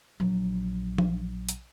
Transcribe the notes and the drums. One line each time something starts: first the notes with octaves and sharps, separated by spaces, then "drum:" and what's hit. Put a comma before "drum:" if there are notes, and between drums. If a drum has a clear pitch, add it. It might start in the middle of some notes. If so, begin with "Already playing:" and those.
A#1 F#3
drum: tom F3
drum: hi-hat